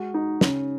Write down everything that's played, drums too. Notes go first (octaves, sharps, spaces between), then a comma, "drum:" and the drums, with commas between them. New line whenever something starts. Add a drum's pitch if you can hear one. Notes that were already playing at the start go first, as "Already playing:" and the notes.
Already playing: G#3 F#4
D#4
C#3, drum: snare